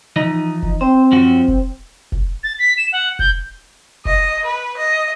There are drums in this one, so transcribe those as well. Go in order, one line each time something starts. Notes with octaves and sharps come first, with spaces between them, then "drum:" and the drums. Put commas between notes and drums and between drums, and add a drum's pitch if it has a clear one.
E3 F3 D#4 D#5
drum: kick F1
C4 C5
F#2 F3 F#4
drum: kick F1
drum: kick F1
A6
B6
E7
F#5
G6, drum: kick F1
D#5, drum: kick F1
B4
D#5